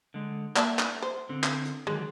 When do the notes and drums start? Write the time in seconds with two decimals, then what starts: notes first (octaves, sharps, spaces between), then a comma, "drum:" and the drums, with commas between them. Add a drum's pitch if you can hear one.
0.14 D3 G#3
0.56 A#3 D5 E5 A5, drum: clap
0.79 drum: clap
1.02 C5
1.29 D3 C4
1.44 drum: clap
1.65 drum: hi-hat
1.87 D3 D#3 F#3 G#3